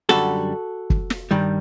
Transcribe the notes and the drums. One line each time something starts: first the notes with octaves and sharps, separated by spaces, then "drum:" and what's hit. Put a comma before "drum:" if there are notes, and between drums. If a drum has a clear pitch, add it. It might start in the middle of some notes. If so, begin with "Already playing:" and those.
F#2 D3 G3 F#4 A4, drum: snare
drum: kick
drum: snare
G2 D#3 G3